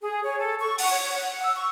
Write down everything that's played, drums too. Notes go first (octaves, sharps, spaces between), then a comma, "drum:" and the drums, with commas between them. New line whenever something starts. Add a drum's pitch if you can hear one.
G#4
C#5
A4
C#6
F#5, drum: open hi-hat
C#5
F#5
E6
C#6